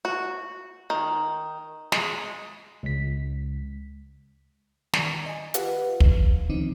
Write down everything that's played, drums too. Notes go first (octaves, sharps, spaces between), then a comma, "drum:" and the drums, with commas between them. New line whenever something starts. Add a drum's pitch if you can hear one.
F#4
D#3
G#3, drum: snare
C#2 B6
D#3 D5, drum: snare
D#5 G#5
F4 G4 B4 D#5 F5 F#5, drum: hi-hat
F3, drum: kick
D3 D#3 F3 C4 C#4 D#4